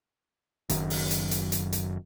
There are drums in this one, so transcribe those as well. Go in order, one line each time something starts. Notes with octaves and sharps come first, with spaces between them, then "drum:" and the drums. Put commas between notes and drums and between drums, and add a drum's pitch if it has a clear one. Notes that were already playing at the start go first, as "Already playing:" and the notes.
F#1 F#2 D#3, drum: hi-hat
drum: open hi-hat
drum: hi-hat
drum: hi-hat
drum: hi-hat
drum: hi-hat